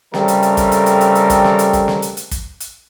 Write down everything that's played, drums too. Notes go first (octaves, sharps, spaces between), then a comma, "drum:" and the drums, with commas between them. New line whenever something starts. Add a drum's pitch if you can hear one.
C#3 G3 A3 C4 A4 A#4, drum: snare
drum: hi-hat
drum: hi-hat
drum: kick, hi-hat
drum: hi-hat
drum: hi-hat
drum: hi-hat
drum: hi-hat
drum: kick, hi-hat
drum: snare
drum: hi-hat
drum: kick, hi-hat
drum: snare
drum: hi-hat
drum: hi-hat
drum: kick, hi-hat
drum: hi-hat